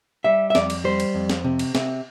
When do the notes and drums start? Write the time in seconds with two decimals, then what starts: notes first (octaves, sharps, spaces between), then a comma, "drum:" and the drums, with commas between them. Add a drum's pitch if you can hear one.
0.24 G3 E5
0.50 E5
0.55 F2 D5, drum: snare
0.70 drum: cymbal
0.84 G3 C5
1.00 drum: cymbal
1.15 F2
1.30 drum: snare
1.44 C3
1.59 drum: cymbal
1.75 C3, drum: snare